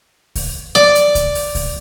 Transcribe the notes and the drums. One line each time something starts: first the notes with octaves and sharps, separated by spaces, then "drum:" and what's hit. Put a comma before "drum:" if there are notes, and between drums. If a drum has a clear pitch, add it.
drum: kick C#2, open hi-hat
D5, drum: snare B3
drum: hi-hat
drum: kick C#2, hi-hat
drum: open hi-hat
drum: kick C#2, open hi-hat